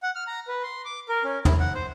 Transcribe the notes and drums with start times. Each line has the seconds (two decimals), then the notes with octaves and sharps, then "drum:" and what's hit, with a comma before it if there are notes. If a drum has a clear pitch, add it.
0.03 F#5
0.15 F6
0.27 A#5
0.48 B4
0.63 C6
0.85 D6
1.09 A#4
1.24 C#4
1.45 E4, drum: tom
1.60 F#5
1.75 C5